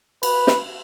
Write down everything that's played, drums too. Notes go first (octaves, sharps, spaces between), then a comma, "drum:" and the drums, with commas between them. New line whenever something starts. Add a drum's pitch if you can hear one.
B4, drum: cymbal
drum: snare